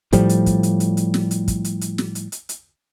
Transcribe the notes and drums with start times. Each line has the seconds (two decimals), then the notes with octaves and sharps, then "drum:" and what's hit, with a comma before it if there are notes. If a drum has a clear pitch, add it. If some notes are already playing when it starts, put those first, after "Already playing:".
0.13 A2 F3 G3, drum: kick, hi-hat
0.29 drum: hi-hat
0.46 drum: kick, hi-hat
0.63 drum: hi-hat
0.80 drum: hi-hat
0.97 drum: hi-hat
1.14 drum: snare
1.31 drum: hi-hat
1.48 drum: kick, hi-hat
1.64 drum: hi-hat
1.81 drum: hi-hat
1.98 drum: snare
2.15 drum: hi-hat
2.32 drum: hi-hat
2.49 drum: hi-hat